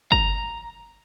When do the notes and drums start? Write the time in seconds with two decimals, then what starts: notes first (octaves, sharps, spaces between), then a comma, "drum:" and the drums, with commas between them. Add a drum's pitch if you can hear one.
0.12 A#5, drum: kick